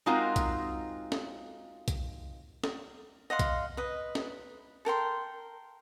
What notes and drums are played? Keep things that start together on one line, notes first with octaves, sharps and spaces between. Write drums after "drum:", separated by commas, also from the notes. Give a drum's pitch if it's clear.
G#3 C4 D#4 F4 F#4 A#4
drum: kick B1, hi-hat
drum: snare
drum: kick B1, hi-hat
drum: snare
D#5 F5 F#5 C6
drum: kick B1, hi-hat
B4 D#5
drum: snare
A4 A#4 G5 C6